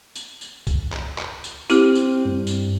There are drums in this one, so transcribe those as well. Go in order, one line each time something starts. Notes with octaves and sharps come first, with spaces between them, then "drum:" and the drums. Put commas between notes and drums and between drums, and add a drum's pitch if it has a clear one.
drum: tambourine
drum: tambourine
drum: kick C2, tambourine
drum: clap
drum: clap
drum: tambourine
C4 E4 G4 F6, drum: tambourine
drum: tambourine
G2
drum: tambourine